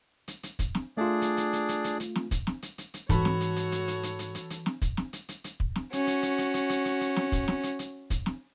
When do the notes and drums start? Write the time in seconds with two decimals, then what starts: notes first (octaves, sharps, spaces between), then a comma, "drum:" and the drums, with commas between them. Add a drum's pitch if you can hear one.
0.28 drum: hi-hat
0.43 drum: hi-hat
0.59 drum: kick, hi-hat
0.75 drum: snare
0.97 A3 D4 F4 G#4 D5
1.22 drum: hi-hat
1.37 drum: hi-hat
1.53 drum: hi-hat
1.69 drum: hi-hat
1.84 drum: hi-hat
2.00 drum: hi-hat
2.16 drum: snare
2.31 drum: kick, hi-hat
2.47 drum: snare
2.62 drum: hi-hat
2.78 drum: hi-hat
2.94 drum: hi-hat
3.09 G#2 E3 F#4 A4 C#5 B5, drum: kick, hi-hat
3.25 drum: snare
3.41 drum: hi-hat
3.56 drum: hi-hat
3.72 drum: hi-hat
3.88 drum: hi-hat
4.03 drum: hi-hat
4.19 drum: hi-hat
4.35 drum: hi-hat
4.50 drum: hi-hat
4.66 drum: snare
4.82 drum: kick, hi-hat
4.97 drum: snare
5.13 drum: hi-hat
5.29 drum: hi-hat
5.44 drum: hi-hat
5.60 drum: kick
5.76 drum: snare
5.93 C#4 F#4, drum: hi-hat
6.07 drum: hi-hat
6.23 drum: hi-hat
6.38 drum: hi-hat
6.54 drum: hi-hat
6.69 drum: hi-hat
6.85 drum: hi-hat
7.01 drum: hi-hat
7.16 drum: snare
7.32 drum: kick, hi-hat
7.48 drum: snare
7.63 drum: hi-hat
7.79 drum: hi-hat
8.10 drum: kick, hi-hat
8.26 drum: snare